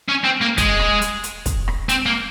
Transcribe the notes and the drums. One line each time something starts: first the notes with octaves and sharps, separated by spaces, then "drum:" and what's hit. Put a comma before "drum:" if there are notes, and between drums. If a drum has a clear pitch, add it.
C#4
C4
A#3
G#3, drum: kick, hi-hat
drum: rim click
drum: hi-hat
drum: hi-hat
drum: kick, hi-hat
drum: rim click
C4, drum: hi-hat
A#3